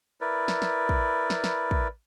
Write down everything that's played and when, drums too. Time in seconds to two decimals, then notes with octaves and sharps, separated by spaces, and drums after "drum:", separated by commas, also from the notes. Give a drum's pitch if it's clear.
0.21 E4 A#4 B4 D5
0.48 drum: snare
0.62 drum: snare
0.89 drum: kick
1.30 drum: snare
1.44 drum: snare
1.71 drum: kick